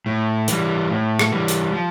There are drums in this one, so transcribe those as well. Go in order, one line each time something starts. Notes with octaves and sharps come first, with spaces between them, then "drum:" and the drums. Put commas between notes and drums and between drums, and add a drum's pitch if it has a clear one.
A2
E3 G3, drum: hi-hat
A2
drum: rim click
E3 G3
drum: hi-hat
F3